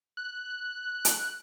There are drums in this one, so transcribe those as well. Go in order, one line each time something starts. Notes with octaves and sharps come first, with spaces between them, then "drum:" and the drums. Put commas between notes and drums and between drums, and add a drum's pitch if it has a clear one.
F#6
drum: hi-hat